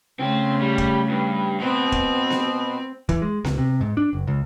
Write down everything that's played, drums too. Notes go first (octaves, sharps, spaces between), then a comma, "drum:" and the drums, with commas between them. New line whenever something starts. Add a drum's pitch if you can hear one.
C#3 A3 C4
G3
drum: kick
G2
B2 C4
drum: kick
drum: snare B3
E3, drum: kick
G#3
C#2, drum: snare B3
C3
G#2
D4
F#1
C#2